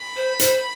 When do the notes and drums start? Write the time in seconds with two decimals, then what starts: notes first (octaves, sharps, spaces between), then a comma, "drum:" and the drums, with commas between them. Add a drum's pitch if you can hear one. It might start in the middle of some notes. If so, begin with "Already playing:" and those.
Already playing: B5
0.16 C5
0.39 C5, drum: hi-hat